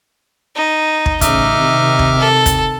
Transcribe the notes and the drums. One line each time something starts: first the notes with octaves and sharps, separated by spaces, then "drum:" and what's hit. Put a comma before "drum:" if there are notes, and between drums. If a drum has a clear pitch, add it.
D#4
drum: kick
A1 C#3 D#4 E5 D6 F6, drum: kick, hi-hat
C3 D#3
drum: kick
A4
drum: kick, hi-hat